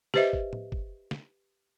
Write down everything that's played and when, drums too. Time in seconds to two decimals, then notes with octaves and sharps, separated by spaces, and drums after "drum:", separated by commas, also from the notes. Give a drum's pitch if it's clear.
0.14 G4 B4 C5 D#5 E5, drum: snare
0.33 drum: kick
0.53 drum: tom A2
0.72 drum: kick
1.11 drum: snare